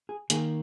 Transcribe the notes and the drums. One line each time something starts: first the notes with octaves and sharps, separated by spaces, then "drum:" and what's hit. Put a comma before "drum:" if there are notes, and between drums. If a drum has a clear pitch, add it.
G#4
D#3 A#3 G#4, drum: hi-hat